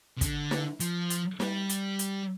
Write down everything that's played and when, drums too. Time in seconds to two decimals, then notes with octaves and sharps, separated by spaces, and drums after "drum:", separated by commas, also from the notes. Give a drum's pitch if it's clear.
0.17 C3
0.21 D3, drum: kick, hi-hat
0.51 drum: snare
0.80 F3, drum: hi-hat
1.10 drum: hi-hat
1.40 G3, drum: snare
1.69 drum: hi-hat
1.99 drum: hi-hat